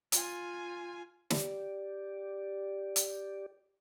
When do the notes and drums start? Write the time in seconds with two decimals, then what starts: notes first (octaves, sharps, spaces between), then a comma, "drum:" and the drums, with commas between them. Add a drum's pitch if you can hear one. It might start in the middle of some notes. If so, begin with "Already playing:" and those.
0.12 F4 G#5, drum: hi-hat
1.30 G4 D5, drum: snare
2.96 drum: hi-hat